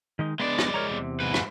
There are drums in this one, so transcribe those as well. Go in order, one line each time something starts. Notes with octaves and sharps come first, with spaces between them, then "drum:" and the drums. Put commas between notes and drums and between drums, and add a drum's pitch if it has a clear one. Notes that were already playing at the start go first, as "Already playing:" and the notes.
D#3 G#3 D#4
G#3 B3 D4 D5
drum: rim click
A#4 C#5 A#5
E2 C3
G#2 B4
drum: rim click